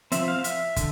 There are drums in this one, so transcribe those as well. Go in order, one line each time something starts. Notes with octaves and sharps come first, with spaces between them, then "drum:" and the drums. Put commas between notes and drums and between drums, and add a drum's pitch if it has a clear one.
F3 C4 E5, drum: hi-hat
F5
F5
E5, drum: hi-hat
D3, drum: kick, hi-hat